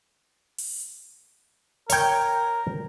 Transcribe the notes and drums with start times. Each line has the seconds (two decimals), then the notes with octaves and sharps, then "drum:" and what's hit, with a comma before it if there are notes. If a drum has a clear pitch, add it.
0.58 drum: open hi-hat
1.90 A#4 C#5 G5, drum: hi-hat